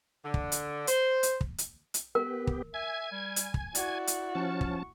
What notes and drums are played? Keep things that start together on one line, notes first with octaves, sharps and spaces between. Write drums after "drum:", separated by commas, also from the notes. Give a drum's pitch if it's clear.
D3
drum: kick
drum: hi-hat
C5, drum: hi-hat
drum: hi-hat
drum: kick
drum: hi-hat
drum: hi-hat
B3 G4 A#4 B4
drum: kick
E5 G#5 G#6
G3
drum: hi-hat
drum: kick
E4 F#4 D5, drum: hi-hat
drum: hi-hat
F3 C#4 A5 C#6
drum: kick